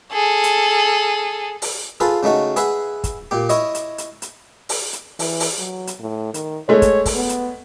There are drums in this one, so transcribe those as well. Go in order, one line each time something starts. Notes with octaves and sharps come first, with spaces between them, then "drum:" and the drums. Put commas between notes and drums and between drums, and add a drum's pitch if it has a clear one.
G#4 A4
drum: hi-hat
drum: open hi-hat
F4 G#4 A4 B4
C#3 A3 D#4 F#4
G#4 B4 E5 F#5, drum: hi-hat
drum: kick, hi-hat
A#2 G4
E4 C#5 D#5, drum: hi-hat
drum: hi-hat
drum: hi-hat
drum: hi-hat
drum: open hi-hat
drum: hi-hat
E3, drum: open hi-hat
drum: open hi-hat
F#3
drum: hi-hat
A2
D#3, drum: hi-hat
G#3 A3 C#5
drum: kick, hi-hat
drum: kick, open hi-hat
B3
drum: hi-hat